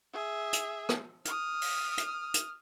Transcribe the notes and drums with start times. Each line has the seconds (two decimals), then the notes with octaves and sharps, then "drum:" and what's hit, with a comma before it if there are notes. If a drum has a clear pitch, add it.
0.13 G#4 E5
0.53 drum: hi-hat
0.89 drum: rim click
1.25 D#6 F6, drum: hi-hat
1.61 drum: open hi-hat
1.98 drum: hi-hat
2.34 drum: hi-hat